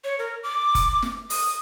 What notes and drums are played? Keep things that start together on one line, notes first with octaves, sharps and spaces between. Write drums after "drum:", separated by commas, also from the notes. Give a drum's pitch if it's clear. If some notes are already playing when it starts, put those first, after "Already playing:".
C#5
A#4
D6
drum: kick F#1, hi-hat
drum: snare
D#6, drum: open hi-hat